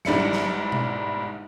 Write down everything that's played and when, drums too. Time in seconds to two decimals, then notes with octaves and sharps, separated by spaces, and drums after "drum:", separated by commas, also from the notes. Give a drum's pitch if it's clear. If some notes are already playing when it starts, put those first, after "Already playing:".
0.05 G1 G#2 G3 E4 C#7, drum: snare
0.33 drum: snare
0.72 drum: tom B2